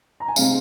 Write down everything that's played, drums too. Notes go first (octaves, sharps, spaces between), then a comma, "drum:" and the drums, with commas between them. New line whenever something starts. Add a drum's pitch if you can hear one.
A#5
G#5
C3 G#3 C4 F5, drum: tambourine